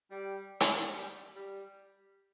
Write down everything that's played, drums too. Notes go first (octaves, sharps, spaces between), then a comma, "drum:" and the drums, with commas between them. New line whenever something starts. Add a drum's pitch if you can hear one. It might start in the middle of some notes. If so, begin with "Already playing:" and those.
G3
drum: hi-hat
G3
G3